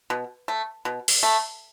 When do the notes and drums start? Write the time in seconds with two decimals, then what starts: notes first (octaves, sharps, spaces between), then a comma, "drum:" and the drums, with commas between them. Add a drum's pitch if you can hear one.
0.10 B2
0.48 A3
0.85 B2
1.08 drum: open hi-hat
1.23 A3